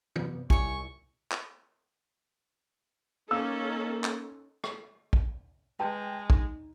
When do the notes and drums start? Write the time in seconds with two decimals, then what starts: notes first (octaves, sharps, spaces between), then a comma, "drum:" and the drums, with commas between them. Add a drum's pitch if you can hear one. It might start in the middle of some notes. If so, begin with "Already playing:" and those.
0.16 F#2 C3 B3, drum: tom E3
0.50 C2 E4 G4 C#5 G#5 C#6, drum: kick A#1
1.32 drum: clap
3.31 A#3 C#4 D#4 A4 E6
4.04 drum: clap
4.64 drum: rim click
5.13 drum: kick A#1
5.79 G#3 B4 G5 A5
6.30 D#4, drum: kick A#1